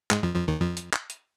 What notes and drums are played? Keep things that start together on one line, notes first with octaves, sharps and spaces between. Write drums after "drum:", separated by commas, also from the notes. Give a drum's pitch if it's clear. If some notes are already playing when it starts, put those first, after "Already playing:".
G#2 G#3, drum: clap
F2 F3
F2 F3
D#2 D#3
F2 F3
drum: hi-hat
drum: clap
drum: hi-hat